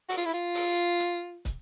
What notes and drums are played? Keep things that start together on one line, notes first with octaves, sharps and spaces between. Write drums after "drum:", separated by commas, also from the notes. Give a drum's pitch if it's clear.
F#4, drum: open hi-hat
F4
E4
F4
drum: open hi-hat
drum: hi-hat
drum: kick, hi-hat